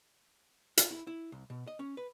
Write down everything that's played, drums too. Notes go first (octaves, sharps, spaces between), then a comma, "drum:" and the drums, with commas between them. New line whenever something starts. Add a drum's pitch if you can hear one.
F4, drum: hi-hat
E4
E4
C2
B2
D#5
C#4
B4